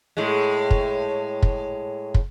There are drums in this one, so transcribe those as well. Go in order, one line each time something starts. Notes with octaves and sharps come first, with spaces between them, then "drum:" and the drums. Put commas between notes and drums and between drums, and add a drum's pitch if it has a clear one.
A2 G#3
drum: kick
drum: kick
drum: kick